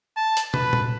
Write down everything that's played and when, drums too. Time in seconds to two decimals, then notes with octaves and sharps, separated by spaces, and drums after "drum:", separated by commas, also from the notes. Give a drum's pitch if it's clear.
0.17 A5
0.37 drum: hi-hat
0.54 B4, drum: tom
0.73 drum: tom